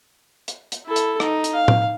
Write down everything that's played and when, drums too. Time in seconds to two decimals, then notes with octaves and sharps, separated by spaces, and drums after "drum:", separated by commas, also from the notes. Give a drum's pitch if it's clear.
0.48 drum: hi-hat
0.72 drum: hi-hat
0.86 E4 A4
0.96 drum: hi-hat
1.20 D#4, drum: rim click
1.44 drum: hi-hat
1.54 F5
1.68 drum: tom A2